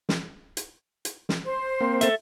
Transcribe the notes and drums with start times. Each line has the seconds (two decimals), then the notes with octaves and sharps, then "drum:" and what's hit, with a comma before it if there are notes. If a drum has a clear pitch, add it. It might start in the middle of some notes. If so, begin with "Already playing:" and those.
0.09 drum: snare
0.57 drum: hi-hat
1.05 drum: hi-hat
1.29 drum: snare
1.45 C5
1.81 A#3 C4
2.01 A4 E5, drum: hi-hat